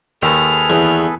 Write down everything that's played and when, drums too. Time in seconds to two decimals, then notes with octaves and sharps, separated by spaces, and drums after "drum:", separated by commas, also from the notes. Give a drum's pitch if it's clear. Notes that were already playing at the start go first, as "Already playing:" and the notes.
0.22 D#2 G#4 A4 B4 F6, drum: open hi-hat
0.70 E2